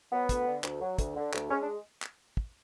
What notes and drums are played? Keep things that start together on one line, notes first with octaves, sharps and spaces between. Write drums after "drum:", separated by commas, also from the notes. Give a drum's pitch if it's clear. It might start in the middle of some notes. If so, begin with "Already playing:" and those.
F#3 B3
D2, drum: kick, hi-hat
D3
D2, drum: clap
F#3
D2, drum: kick, hi-hat
D3
D2, drum: clap
G#3 C#4
D4
drum: clap
drum: kick